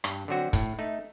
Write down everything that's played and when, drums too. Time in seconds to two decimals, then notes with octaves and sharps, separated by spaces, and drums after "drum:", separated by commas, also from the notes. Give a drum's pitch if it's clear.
0.04 G2, drum: rim click
0.28 D3 F#3 C4 F#4
0.53 A2, drum: kick, hi-hat
0.79 A3 D#4